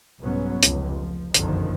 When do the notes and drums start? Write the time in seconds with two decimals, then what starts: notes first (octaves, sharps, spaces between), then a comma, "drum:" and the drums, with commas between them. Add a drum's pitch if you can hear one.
0.21 C2 G#2 F#3 B3 C#4
0.63 F1 C#2, drum: hi-hat
0.94 F3
1.34 F#1 B1 F2 D3 D#3 F3, drum: hi-hat